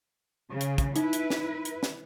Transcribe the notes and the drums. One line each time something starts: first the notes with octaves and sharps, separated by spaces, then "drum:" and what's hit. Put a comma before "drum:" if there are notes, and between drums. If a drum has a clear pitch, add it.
C#3
drum: hi-hat
drum: kick, hi-hat
D#4 E4 B4, drum: hi-hat
drum: hi-hat
drum: snare
drum: hi-hat
drum: snare